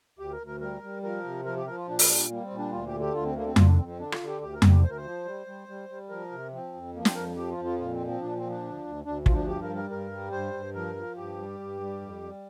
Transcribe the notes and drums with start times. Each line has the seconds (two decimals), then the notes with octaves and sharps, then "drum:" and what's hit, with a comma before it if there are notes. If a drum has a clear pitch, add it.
0.19 D2 G4
0.32 A#4
0.40 D2
0.47 A#4
0.60 G3 A#4
0.82 G3
1.03 F3 A#4
1.24 C3
1.45 F3 A#4
1.56 G4
1.67 F3 A#4
1.77 F4
1.88 A#2 D4
1.99 drum: open hi-hat
2.09 G3
2.30 G3 A#3
2.44 C4
2.51 A#2
2.58 D4
2.72 D2 F4
2.87 G4
2.93 D3
3.00 G4
3.14 D2 F4
3.25 C4
3.35 D3 A#3
3.46 C4
3.56 D3 F4, drum: tom F2
3.68 D4
3.78 F2 C4
3.88 C4
3.99 D3 D4
4.12 F4, drum: rim click
4.20 D3
4.27 G4
4.41 D2 G4
4.54 A#4
4.62 D3 G4, drum: tom F2
4.83 D2 C5
4.90 A#4
4.97 C5
5.04 F3
5.25 G3
5.47 G3
5.68 G3
5.89 G3
6.09 F3 A#4
6.32 C3
6.53 F3 C4
6.74 F2
6.94 F3 A#3
7.05 C4, drum: snare
7.15 F2 A#4
7.36 F3 G4
7.51 F4
7.57 F2
7.65 F4
7.79 A#2 F4
7.93 C4
7.99 F3
8.07 C4
8.21 A#2 D4
8.36 C4
8.42 F3
8.49 D4
8.64 D2
8.84 D2
9.05 D2 D4
9.26 F3 F4, drum: kick
9.33 D4
9.47 G2 G4
9.63 A#4
9.70 G3
9.76 A#4
9.90 G2 A#4
10.11 G3
10.32 G2 C5
10.54 G2
10.74 F3 A#4
10.95 F3
11.16 G2 G4
11.38 G3
11.60 G2
11.81 G3
12.01 F2
12.22 G3